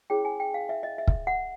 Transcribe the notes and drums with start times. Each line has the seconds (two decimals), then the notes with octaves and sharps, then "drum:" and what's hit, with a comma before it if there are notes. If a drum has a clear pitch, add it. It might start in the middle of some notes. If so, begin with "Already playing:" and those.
0.10 C#4 E4 G#4 C#5 G5
0.25 G#5
0.40 G5
0.54 F5
0.69 E5
0.83 D#5
0.98 E5
1.08 drum: kick
1.27 F#5